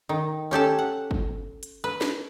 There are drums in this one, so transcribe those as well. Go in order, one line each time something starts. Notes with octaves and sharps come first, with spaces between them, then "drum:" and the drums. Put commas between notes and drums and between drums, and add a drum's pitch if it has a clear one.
D#3
C#4 G4 A4 A5
F#5
drum: kick G1
drum: hi-hat
B4
drum: snare